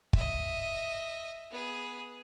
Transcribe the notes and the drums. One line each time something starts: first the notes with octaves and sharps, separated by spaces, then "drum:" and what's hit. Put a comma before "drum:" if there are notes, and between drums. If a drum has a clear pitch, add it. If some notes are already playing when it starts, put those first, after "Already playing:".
D#5 E5, drum: kick
B3 G#4